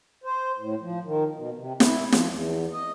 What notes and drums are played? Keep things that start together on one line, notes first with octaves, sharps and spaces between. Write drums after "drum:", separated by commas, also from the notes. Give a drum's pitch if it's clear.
C5
A2
F3
D#3
B2
C3
E4, drum: snare
F3, drum: snare
E2
D#5